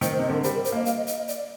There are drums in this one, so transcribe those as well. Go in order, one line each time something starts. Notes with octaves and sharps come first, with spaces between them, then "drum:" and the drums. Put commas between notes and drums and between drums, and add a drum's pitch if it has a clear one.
D#3 C5, drum: hi-hat
C5
C3 D#5
D3 A#4
G3 C5, drum: hi-hat
A#4
C5, drum: hi-hat
A#3 D#5
F5, drum: hi-hat
D#5
drum: hi-hat
D#5
D5, drum: hi-hat